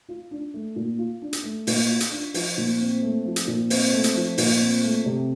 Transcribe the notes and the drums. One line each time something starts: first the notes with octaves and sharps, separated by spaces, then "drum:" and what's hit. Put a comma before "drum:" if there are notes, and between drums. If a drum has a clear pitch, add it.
F4
D4
A3
A#2
F4
D4
drum: hi-hat
A3
A#2, drum: open hi-hat
F4
drum: hi-hat
D4
F3, drum: open hi-hat
A#2
C4
A3
F3
drum: hi-hat
A#2
C4, drum: open hi-hat
A3
drum: hi-hat
F3
A#2, drum: open hi-hat
C4
A3
C3